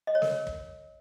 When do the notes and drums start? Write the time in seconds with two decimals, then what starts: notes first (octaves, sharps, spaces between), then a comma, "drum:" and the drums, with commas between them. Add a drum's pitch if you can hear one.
0.07 D#5
0.15 C#5
0.22 A#4, drum: snare
0.47 drum: kick